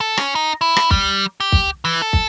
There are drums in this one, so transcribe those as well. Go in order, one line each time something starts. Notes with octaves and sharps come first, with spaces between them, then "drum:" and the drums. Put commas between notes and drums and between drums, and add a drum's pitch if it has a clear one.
A4
C#4, drum: rim click
D#4
E4
drum: rim click
G3, drum: kick
G4
drum: kick
E3
A4
drum: kick